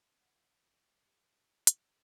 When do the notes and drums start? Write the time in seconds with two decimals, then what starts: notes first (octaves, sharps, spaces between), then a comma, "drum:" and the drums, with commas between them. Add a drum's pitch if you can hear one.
0.18 F4 F5 F#5
1.06 G4 B4
1.67 drum: hi-hat